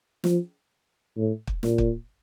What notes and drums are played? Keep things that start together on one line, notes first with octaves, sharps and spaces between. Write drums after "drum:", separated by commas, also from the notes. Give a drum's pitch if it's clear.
F3, drum: snare
A2
drum: kick
A#2, drum: snare
drum: kick